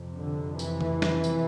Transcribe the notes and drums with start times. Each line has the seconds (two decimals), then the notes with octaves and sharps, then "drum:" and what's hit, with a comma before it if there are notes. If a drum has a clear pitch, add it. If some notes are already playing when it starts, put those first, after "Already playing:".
Already playing: F2 C3
0.15 D3
0.59 E3, drum: tambourine
0.81 drum: tom C#3
1.02 drum: snare
1.24 drum: tambourine